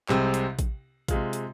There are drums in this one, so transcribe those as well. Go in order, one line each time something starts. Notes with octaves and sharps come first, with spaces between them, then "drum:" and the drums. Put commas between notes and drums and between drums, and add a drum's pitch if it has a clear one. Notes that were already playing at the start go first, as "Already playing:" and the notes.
C2 C3 G#3 C4, drum: clap
drum: hi-hat
drum: kick A1, hi-hat
C3 G#3 F4, drum: kick A1, hi-hat
drum: hi-hat